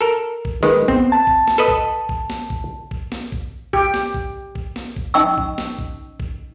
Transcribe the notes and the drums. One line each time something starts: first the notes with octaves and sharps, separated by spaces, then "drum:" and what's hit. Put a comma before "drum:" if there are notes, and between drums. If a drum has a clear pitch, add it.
A4 A#4
drum: kick A1
D#3 G#3 B4, drum: snare
B3 C4, drum: kick A1
A5
drum: kick A1
drum: snare
A4 B4 D#5
drum: kick A1
drum: kick A1
drum: snare
drum: kick A1
drum: kick A1
drum: snare
drum: kick A1
G4, drum: kick A1
drum: snare
drum: kick A1
drum: kick A1
drum: snare
drum: kick A1
C#4 D#4 D#5 G5 C#6 E6
drum: kick A1
drum: snare
drum: kick A1
drum: kick A1